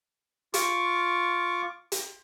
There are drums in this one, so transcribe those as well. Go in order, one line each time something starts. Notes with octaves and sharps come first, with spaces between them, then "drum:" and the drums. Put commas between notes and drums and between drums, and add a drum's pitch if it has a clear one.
F4 C#6 D6, drum: hi-hat
drum: hi-hat